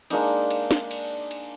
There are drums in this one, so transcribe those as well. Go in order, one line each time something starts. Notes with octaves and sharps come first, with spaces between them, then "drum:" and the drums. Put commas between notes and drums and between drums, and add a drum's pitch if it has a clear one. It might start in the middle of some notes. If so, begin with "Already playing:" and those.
G#3 A#3 D4 D#4, drum: cymbal
drum: cymbal
drum: snare
drum: cymbal
drum: cymbal